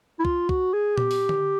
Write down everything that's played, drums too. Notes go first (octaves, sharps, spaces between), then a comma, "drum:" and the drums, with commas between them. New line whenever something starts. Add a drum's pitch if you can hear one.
E4
F4, drum: kick
F#4, drum: kick
G#4
G4, drum: tom A#2
drum: open hi-hat
drum: tom D3